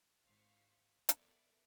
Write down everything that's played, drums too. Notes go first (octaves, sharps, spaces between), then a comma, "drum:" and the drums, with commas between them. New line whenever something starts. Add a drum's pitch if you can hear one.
G#1 C5 F5 C#6 B6
B3 A4 A#4 D5 E5, drum: hi-hat